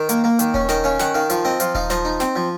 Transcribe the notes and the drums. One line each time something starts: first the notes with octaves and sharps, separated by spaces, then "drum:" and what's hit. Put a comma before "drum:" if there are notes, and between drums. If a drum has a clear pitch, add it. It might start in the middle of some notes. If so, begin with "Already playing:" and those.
Already playing: D#3
A#3, drum: hi-hat
A#3
D#3, drum: hi-hat
C#4, drum: kick D#1
D#3 D#5, drum: snare
C#4 F5
D#3 F#5, drum: snare
D#3 F5
F3 F5, drum: hi-hat
C4 D#5
F3 F5, drum: hi-hat
D#4 F5, drum: kick D#1
F3 D#5, drum: snare
D#4
C4, drum: snare
F3